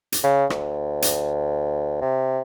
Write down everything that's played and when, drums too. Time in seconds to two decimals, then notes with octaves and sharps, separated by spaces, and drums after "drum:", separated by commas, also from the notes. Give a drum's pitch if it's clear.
0.12 drum: hi-hat
0.24 C#3
0.50 D2, drum: rim click
1.02 drum: hi-hat
2.01 C3